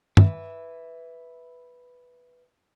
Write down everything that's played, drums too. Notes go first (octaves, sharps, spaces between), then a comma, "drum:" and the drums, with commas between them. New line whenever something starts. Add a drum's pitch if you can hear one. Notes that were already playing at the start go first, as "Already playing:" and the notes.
B4 E5, drum: tom G2